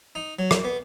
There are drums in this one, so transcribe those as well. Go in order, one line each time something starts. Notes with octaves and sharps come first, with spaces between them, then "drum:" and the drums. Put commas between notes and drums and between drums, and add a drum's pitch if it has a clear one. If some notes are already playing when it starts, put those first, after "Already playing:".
D#4
F#3
drum: rim click
B3